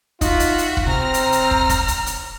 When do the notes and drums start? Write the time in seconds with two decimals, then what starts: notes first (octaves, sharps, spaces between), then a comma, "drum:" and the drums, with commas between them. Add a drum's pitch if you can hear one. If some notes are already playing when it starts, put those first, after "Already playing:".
0.21 D#4 F4 F#4 E5, drum: kick, hi-hat
0.40 drum: hi-hat
0.58 drum: hi-hat
0.77 drum: kick
0.86 C3 C4 A#5 F6 A#6
1.14 drum: hi-hat
1.32 drum: hi-hat
1.51 drum: kick
1.69 drum: kick, hi-hat
1.88 drum: hi-hat
2.06 drum: hi-hat